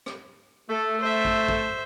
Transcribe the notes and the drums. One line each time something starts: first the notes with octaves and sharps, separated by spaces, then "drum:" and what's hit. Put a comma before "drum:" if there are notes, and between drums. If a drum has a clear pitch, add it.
drum: rim click
A3 A4
C5 E5
drum: kick A1
drum: kick A1